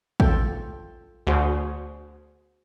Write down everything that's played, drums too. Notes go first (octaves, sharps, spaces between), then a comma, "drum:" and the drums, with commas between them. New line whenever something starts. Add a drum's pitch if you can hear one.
F4 A4 G5, drum: kick
D2 F#4 G#4 C5